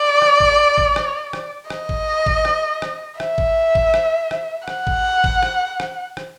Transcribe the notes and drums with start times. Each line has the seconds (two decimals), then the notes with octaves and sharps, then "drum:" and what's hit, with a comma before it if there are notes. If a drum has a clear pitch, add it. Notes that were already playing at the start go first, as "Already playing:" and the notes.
Already playing: D5
0.22 drum: rim click
0.40 drum: kick
0.78 drum: kick
0.96 drum: rim click
1.33 drum: rim click
1.70 D#5, drum: rim click
1.89 drum: kick
2.26 drum: kick
2.45 drum: rim click
2.82 drum: rim click
3.20 E5, drum: rim click
3.38 drum: kick
3.75 drum: kick
3.94 drum: rim click
4.31 drum: rim click
4.68 F#5, drum: rim click
4.87 drum: kick
5.24 drum: kick
5.43 drum: rim click
5.80 drum: rim click
6.17 drum: rim click